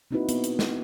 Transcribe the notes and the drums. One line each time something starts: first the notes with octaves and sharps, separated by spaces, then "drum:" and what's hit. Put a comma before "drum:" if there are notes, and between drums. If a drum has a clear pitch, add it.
A#3 C4 D#4 E4 F#4 B4
B3, drum: hi-hat
drum: hi-hat
drum: snare